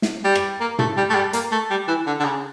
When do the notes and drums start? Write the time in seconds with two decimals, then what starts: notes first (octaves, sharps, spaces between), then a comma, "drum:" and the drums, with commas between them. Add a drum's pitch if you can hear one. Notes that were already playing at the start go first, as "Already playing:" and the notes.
0.02 drum: snare
0.24 G3
0.35 drum: rim click
0.61 A#3
0.79 A3, drum: tom
0.97 G3
1.10 A3
1.15 G3
1.33 A#3, drum: hi-hat
1.52 A3
1.70 G3
1.88 E3
2.06 D3
2.20 D3
2.25 C#3